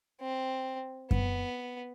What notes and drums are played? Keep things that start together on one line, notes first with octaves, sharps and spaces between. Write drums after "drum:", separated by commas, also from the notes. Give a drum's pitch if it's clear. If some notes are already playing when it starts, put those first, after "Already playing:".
C4
B3, drum: kick F#2